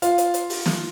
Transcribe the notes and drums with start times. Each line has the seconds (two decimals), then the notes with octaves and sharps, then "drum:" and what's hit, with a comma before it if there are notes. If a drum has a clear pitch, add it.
0.02 F4 F5, drum: hi-hat
0.18 drum: hi-hat
0.34 drum: hi-hat
0.50 drum: open hi-hat
0.66 drum: snare